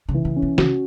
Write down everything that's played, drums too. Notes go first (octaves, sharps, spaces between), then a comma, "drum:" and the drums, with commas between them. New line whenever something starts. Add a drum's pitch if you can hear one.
C#3
E3
C#3
C#4
B2
C#3 F#4, drum: snare